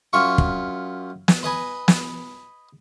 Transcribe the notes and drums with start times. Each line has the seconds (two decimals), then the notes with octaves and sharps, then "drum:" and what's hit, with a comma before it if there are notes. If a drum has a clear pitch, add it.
0.13 F#2 F4 E5 C#6
0.38 drum: kick
1.28 drum: snare
1.43 B4 D#5 G#5 B5
1.88 drum: snare